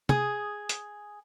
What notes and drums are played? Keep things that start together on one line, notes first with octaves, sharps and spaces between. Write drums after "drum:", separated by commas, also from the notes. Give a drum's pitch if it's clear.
G#4 D#6, drum: tom
drum: hi-hat